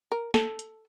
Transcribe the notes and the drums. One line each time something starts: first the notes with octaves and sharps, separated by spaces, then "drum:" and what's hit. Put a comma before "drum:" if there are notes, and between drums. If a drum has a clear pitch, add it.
A#4
A4, drum: snare
drum: hi-hat